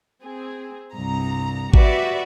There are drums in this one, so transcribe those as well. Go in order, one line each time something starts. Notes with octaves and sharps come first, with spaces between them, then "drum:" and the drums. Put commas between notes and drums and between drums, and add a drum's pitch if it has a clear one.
C4 G#4
C2 G2 A#5
F#4 G4 B4 D5 E5, drum: kick G#1